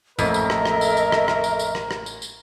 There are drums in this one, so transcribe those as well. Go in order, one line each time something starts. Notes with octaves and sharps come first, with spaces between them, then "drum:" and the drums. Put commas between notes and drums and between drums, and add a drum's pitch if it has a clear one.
A1 F2 A#3 A4 A#4 D#5 E5, drum: tambourine
drum: tambourine
drum: rim click
drum: rim click
drum: tambourine
drum: tambourine
drum: rim click
drum: rim click
drum: tambourine
drum: tambourine
drum: rim click
drum: rim click
drum: tambourine
drum: tambourine